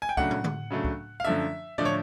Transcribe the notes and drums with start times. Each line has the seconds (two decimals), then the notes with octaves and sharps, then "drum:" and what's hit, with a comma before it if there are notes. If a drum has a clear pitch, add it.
0.02 G#5
0.09 G5
0.17 C#3 F#3 A3 D4 F#5, drum: kick
0.31 drum: tom
0.44 drum: tom D3
0.70 C#3 F#3 A3 D4
0.84 drum: kick
1.20 F5
1.24 F#2 D3 F3 A3 D4 E5
1.78 D3 F3 A3 D4 D5, drum: tom
1.85 C#5